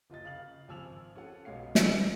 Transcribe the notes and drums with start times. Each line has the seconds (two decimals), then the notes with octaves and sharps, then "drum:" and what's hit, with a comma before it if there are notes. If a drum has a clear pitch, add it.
0.10 F#1 F4 D#5 A6
0.25 C#3 F5 F6 F#7
0.68 G#1 F3 G#5 E6 F7 F#7
1.16 C#4 F4 A4 F#5
1.45 B1 B2 G#3 C#5 F5 C7
1.75 drum: snare